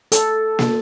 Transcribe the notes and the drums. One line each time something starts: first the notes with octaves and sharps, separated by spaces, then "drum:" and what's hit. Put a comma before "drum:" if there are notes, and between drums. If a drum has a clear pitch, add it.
A4, drum: hi-hat
drum: snare A#3